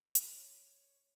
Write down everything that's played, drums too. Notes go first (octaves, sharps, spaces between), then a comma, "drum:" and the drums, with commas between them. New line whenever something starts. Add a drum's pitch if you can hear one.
C#5, drum: hi-hat